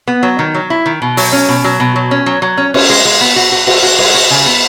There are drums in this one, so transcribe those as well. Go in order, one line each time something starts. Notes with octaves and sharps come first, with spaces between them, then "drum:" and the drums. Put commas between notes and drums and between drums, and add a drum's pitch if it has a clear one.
B3
F#3
D#3
F#3
E4
D#3
B2
F#3, drum: open hi-hat
C#4
B2
F#3
B2
F#3
C#4
F#3
F#3
C#4
C#4, drum: cymbal
G#3
G#3
B3
F#4
F#4
F#4, drum: cymbal
F#4
G#3, drum: cymbal
F#4
C#3
B3